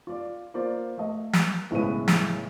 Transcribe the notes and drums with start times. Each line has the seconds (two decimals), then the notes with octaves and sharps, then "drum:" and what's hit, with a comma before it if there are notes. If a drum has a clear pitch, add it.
0.07 F4 D5
0.54 A#3 F4 A#4 C5 D5
0.98 A3 D#5
1.33 F#6, drum: snare
1.71 B1 A2 C#3 G#3 B4 D#7
2.08 drum: snare